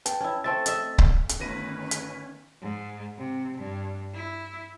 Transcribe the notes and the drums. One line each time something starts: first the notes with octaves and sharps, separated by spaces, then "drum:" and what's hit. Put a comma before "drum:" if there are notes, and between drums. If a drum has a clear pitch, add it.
B4 G5 A5, drum: hi-hat
C#4 E4
A3 C4 E5 A6
D#5 E5, drum: hi-hat
drum: kick C#1
drum: hi-hat
G1 D#3 A3 C#4 B4 A#6 D#7
drum: hi-hat
G#2
C3
G2
E4